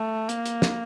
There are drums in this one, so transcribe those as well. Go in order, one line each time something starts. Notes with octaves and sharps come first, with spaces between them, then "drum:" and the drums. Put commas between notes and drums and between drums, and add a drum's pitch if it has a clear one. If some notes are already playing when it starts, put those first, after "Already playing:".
Already playing: A3
A#3, drum: hi-hat
drum: hi-hat
drum: snare